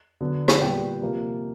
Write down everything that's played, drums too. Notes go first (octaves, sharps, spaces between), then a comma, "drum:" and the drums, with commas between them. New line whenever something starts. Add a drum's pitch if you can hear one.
D3 F#3 B3
drum: rim click
A#2 G3 B3 G5
C3 F3 A#3